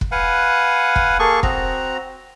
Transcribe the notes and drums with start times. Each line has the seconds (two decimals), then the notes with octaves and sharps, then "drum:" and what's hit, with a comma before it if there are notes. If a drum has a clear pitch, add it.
0.01 drum: kick
0.12 B4 F5 F#5 G#5
0.96 drum: kick
1.19 A#3 G#4 A4 C#6
1.43 C4 F#4 A#5, drum: kick